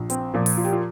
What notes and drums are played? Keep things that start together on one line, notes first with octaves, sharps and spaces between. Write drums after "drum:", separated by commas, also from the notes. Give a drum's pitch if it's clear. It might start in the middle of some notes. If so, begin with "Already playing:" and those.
Already playing: A#1
C4, drum: hi-hat
A#2 F3
drum: open hi-hat
F4
G4
F4